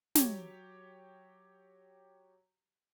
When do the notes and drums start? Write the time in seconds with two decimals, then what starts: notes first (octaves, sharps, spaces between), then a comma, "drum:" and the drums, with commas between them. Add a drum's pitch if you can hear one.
0.15 F#3 G4 C#5, drum: snare